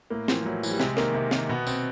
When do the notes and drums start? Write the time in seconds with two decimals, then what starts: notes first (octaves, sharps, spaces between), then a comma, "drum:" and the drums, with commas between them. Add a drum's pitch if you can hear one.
0.10 A2 A#3
0.28 E3 F3, drum: snare
0.41 F3
0.46 A2 F#3
0.63 E3, drum: tambourine
0.71 G3
0.79 C3 G#3, drum: snare
0.97 D#3 A#3, drum: snare
1.14 C3
1.31 D#3, drum: snare
1.49 B2 B3
1.67 C4, drum: tambourine